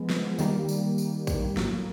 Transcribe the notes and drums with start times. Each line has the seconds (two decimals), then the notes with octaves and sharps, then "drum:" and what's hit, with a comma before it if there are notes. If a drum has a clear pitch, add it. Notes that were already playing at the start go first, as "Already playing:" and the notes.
Already playing: F3 G#3 B3
0.10 drum: snare
0.39 D#3 G3 A#3, drum: tambourine
0.69 drum: tambourine
0.98 drum: tambourine
1.27 drum: kick, tambourine
1.57 A2 F#3 A#3, drum: snare